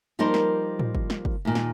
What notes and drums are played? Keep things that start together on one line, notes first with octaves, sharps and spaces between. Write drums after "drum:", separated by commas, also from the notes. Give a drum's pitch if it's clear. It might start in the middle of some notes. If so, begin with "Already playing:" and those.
F3 G3 A#3 D#4 A#4 C5
drum: snare
drum: tom A2
drum: kick
drum: snare
drum: kick
D#2 A#2
drum: snare